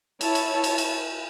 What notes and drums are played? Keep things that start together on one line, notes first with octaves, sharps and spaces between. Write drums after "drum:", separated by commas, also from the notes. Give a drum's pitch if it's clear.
E4 C#5 A5, drum: cymbal
drum: cymbal
drum: cymbal
drum: cymbal